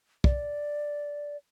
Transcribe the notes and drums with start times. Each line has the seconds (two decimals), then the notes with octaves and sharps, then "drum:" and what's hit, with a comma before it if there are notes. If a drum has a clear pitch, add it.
0.24 D5, drum: kick